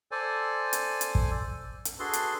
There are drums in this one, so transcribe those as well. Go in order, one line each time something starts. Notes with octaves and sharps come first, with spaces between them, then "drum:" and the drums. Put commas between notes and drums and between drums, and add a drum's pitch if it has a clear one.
A4 C5 D5 G#5
drum: hi-hat
drum: hi-hat
drum: kick
drum: hi-hat
D4 F#4 G#4 A4 B4 C6
drum: hi-hat